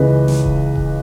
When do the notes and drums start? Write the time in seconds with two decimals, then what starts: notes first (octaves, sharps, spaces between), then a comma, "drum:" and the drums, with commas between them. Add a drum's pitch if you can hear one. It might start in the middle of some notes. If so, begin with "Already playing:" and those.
Already playing: C#2 C#3 E3 B4 D#5
0.28 drum: snare
0.44 drum: kick D#1
0.75 drum: kick D#1